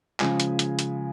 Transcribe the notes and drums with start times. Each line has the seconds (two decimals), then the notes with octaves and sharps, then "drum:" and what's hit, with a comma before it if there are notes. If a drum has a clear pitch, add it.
0.20 C#3 F3 G#3 G#5, drum: clap
0.40 drum: hi-hat
0.59 drum: hi-hat
0.79 drum: hi-hat